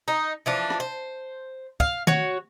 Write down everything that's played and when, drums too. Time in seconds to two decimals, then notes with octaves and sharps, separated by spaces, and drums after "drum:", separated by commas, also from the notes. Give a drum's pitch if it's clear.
0.08 D#4
0.46 E3 F3 D4
0.70 drum: rim click
0.80 C5
1.80 F5, drum: kick
2.07 F#4 C#5, drum: tom D#3